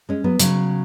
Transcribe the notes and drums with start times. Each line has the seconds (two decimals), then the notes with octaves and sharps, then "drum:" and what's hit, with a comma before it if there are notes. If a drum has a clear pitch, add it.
0.09 G#3 C#4
0.24 F#3 B3
0.40 C#3 F#3, drum: hi-hat